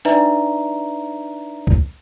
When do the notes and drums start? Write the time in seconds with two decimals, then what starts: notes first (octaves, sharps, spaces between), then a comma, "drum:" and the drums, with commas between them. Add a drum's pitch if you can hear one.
0.05 D4 D#4 B4 D5 E5 A#5, drum: hi-hat
1.67 drum: kick